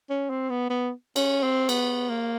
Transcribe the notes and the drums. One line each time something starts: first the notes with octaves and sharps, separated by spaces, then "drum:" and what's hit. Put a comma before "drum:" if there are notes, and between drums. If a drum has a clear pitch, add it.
C#4
C4
B3
B3
C#4, drum: cymbal
C4
B3, drum: cymbal
A#3